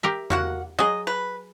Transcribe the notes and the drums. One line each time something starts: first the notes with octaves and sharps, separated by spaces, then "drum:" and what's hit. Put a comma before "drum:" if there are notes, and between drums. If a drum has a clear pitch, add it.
G4 A#4 E5
A#3 F#4 F#5, drum: tom E2
F#3 G#4 D#5
B4